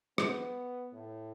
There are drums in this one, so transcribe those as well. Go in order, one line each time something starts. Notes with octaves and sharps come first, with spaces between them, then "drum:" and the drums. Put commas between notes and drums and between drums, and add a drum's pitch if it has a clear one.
B3, drum: rim click
A2